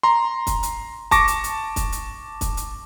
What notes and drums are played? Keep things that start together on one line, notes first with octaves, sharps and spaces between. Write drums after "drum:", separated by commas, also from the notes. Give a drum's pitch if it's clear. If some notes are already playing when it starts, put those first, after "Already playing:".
A#5 C6
drum: kick, hi-hat
drum: hi-hat
A5 C#6 D6 A#6, drum: kick, hi-hat
drum: hi-hat
drum: hi-hat
drum: kick, hi-hat
drum: hi-hat
drum: kick, hi-hat
drum: hi-hat